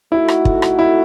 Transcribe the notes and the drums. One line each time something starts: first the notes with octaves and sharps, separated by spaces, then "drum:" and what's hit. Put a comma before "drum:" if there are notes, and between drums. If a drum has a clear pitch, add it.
A3 D#4 E4 F#4 A4
drum: rim click
drum: kick
drum: rim click
E4